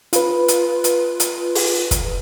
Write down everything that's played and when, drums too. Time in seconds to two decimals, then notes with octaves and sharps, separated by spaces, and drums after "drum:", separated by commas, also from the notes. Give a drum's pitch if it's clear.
0.13 F4 B4, drum: hi-hat
0.48 drum: hi-hat
0.84 drum: hi-hat
1.20 drum: hi-hat
1.55 drum: open hi-hat
1.91 drum: kick, hi-hat